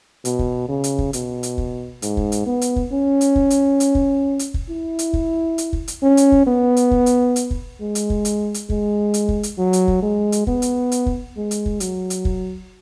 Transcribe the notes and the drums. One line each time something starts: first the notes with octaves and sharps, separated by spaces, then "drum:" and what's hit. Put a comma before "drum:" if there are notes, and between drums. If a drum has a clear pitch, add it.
B2, drum: hi-hat
drum: kick
C#3
drum: hi-hat
drum: kick
B2, drum: hi-hat
drum: hi-hat
drum: kick
G#2, drum: hi-hat
drum: kick
drum: hi-hat
B3
drum: hi-hat
drum: kick
C#4
drum: hi-hat
drum: kick
drum: hi-hat
drum: hi-hat
drum: kick
drum: hi-hat
drum: kick
E4
drum: hi-hat
drum: kick
drum: hi-hat
drum: kick
drum: hi-hat
C#4
drum: hi-hat
drum: kick
B3
drum: hi-hat
drum: kick
drum: hi-hat
drum: hi-hat
drum: kick
G#3
drum: hi-hat
drum: kick
drum: hi-hat
drum: hi-hat
G#3, drum: kick
drum: hi-hat
drum: kick
drum: hi-hat
F#3
drum: hi-hat
drum: kick
G#3
drum: hi-hat
B3, drum: kick
drum: hi-hat
drum: hi-hat
drum: kick
G#3
drum: hi-hat
drum: kick
F#3, drum: hi-hat
drum: hi-hat
drum: kick